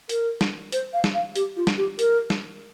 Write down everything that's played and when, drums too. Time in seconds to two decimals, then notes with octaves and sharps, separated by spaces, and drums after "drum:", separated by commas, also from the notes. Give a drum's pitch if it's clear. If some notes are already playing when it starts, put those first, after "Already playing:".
0.09 A#4, drum: hi-hat
0.41 drum: snare
0.72 C5, drum: hi-hat
0.93 F5
1.04 drum: snare
1.14 F5
1.36 G4, drum: hi-hat
1.57 F4
1.67 drum: snare
1.77 G4
1.99 A#4, drum: hi-hat
2.30 drum: snare